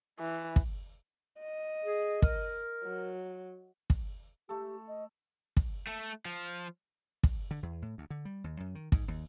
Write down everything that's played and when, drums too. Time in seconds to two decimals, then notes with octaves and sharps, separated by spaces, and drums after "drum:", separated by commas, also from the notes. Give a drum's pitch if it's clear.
0.19 E3
0.56 drum: kick
1.39 D#5
1.85 G#4
2.22 A#4, drum: kick
2.83 F#3
3.90 drum: kick
4.49 A3 G4 A4
4.88 D#5
5.57 drum: kick
5.87 A3 A4
6.25 F3
7.23 drum: kick
7.51 D3
7.63 E2
7.82 A2
7.98 D2
8.10 D3
8.25 G3
8.44 D#2
8.60 F#2
8.75 D#3
8.92 G#2, drum: kick
9.08 D#2